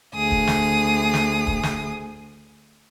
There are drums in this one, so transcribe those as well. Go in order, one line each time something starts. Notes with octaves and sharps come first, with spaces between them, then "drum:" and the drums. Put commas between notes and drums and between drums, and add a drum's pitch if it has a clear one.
D2 G#4 D#6
drum: kick
drum: snare
drum: snare
drum: kick
drum: snare